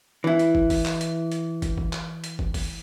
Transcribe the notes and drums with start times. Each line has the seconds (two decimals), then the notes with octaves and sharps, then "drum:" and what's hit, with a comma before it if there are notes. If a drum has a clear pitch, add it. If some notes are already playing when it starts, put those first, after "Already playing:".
0.24 E3 E4
0.39 drum: hi-hat
0.55 drum: kick
0.70 drum: kick, open hi-hat
0.85 drum: clap
1.01 drum: hi-hat
1.32 drum: hi-hat
1.62 drum: kick, hi-hat
1.78 drum: kick
1.93 drum: clap
2.24 drum: hi-hat
2.39 drum: kick
2.54 drum: kick, open hi-hat